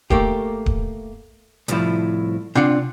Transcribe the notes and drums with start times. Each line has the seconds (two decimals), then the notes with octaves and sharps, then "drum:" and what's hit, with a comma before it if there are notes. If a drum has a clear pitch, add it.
0.10 A3 A#3 G4, drum: kick D1
0.66 drum: kick D1
1.68 C2 A2 F3 E4, drum: hi-hat
2.55 C4 D4 F4 F#5, drum: tom C3